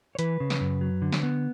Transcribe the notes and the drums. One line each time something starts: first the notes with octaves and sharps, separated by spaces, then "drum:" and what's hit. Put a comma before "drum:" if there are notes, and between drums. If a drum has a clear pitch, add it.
C#5
E3 B4, drum: hi-hat
C#3
drum: snare
F#2
F#3
D3
drum: snare
B3